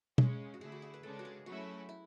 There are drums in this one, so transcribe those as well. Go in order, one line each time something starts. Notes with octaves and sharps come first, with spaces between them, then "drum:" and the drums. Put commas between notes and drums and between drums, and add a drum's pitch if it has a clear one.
C#3 G#3 C#4 G#4, drum: tom
F#4
D3 A3 E4 G#4
F#4
G#4
B4
C#3 G#3 D4 A4
F#4
G#4
F#3 A3 C#4 E4 F#4
E4